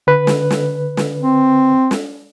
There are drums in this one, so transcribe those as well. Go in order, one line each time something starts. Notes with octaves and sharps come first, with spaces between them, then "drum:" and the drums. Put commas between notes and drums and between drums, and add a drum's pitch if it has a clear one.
D3 B4
drum: snare
drum: snare
drum: snare
C4
drum: snare